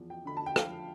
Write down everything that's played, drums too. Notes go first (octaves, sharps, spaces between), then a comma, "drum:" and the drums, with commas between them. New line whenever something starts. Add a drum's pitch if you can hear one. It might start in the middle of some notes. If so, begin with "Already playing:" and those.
Already playing: E2 F3
G5
D3 B5
A5
G5
F3 F5, drum: rim click